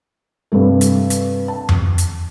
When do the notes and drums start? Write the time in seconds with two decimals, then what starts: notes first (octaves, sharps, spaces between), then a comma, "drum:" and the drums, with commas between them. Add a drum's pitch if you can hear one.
0.52 G2 C3 G3 A3
0.81 drum: hi-hat
1.10 drum: hi-hat
1.48 A5
1.69 drum: tom F2
1.98 drum: hi-hat